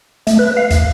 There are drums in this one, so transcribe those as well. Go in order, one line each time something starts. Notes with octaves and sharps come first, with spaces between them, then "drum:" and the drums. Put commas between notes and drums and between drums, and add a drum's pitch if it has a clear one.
A3, drum: hi-hat
B4
F5
E2, drum: hi-hat